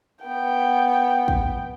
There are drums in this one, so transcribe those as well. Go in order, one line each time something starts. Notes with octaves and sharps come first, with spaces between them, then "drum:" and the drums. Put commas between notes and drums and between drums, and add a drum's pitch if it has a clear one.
B3 G5
drum: kick